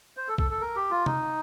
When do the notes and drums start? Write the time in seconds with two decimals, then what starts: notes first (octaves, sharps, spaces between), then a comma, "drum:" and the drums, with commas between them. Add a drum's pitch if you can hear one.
0.17 C5
0.28 A4
0.38 A4, drum: kick B1
0.51 A4
0.61 A#4
0.76 G4
0.90 F4
1.06 D#4, drum: tom